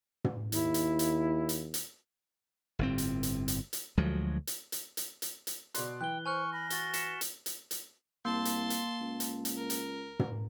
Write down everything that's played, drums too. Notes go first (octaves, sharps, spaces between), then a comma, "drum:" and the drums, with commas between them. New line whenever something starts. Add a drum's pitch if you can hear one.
drum: tom
D#2 E4, drum: hi-hat
drum: hi-hat
drum: hi-hat
drum: hi-hat
drum: hi-hat
G1 A2 C4
drum: hi-hat
drum: hi-hat
drum: hi-hat
drum: hi-hat
D2 F3 F#3 G#3
drum: hi-hat
drum: hi-hat
drum: hi-hat
drum: hi-hat
drum: hi-hat
B2 D5 C6 F#6, drum: hi-hat
E3 G5 F#6 G7
C5 G#5 C#6 F6 F#6
B5 A#6
F#4 A6 G7, drum: hi-hat
B6 C#7 E7, drum: hi-hat
drum: hi-hat
drum: hi-hat
drum: hi-hat
C2 A#3 A5 C6
drum: hi-hat
drum: hi-hat
C#2
drum: hi-hat
drum: hi-hat
A#4
drum: hi-hat
drum: tom